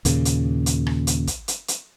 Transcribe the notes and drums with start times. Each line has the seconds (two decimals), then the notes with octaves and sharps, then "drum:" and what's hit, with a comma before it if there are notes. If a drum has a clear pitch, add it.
0.05 D#2 A#2 C#3, drum: hi-hat
0.25 drum: hi-hat
0.66 drum: hi-hat
0.87 drum: rim click
1.07 drum: hi-hat
1.27 drum: kick, hi-hat
1.48 drum: hi-hat
1.68 drum: hi-hat